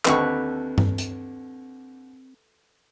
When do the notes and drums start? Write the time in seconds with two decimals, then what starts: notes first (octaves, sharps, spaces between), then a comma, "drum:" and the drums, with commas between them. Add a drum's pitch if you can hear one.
0.05 D#2 D3 C4 A4 B4 C#6, drum: clap
0.78 drum: tom G2
0.98 drum: hi-hat